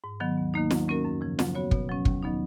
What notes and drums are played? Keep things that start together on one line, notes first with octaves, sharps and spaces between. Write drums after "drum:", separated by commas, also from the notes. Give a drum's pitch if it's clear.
G#2
D#3 F#3 B3
D#2
D#3 A#3 D#4
F#3, drum: snare
A#3 C#4 F#4 A#4
F#2
C#3 F3
F#3, drum: snare
B3 F#4 C#5
B2, drum: kick
F#3 C#4
D#2, drum: kick
D#3 F#3 B3 D#4